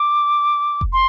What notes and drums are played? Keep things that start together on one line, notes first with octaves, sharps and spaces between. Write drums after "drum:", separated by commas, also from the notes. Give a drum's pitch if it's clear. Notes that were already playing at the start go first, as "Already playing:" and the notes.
Already playing: D6
drum: kick F1
C6